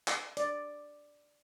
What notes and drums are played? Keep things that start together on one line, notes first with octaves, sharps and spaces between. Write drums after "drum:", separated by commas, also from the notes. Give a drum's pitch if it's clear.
drum: clap
D5, drum: hi-hat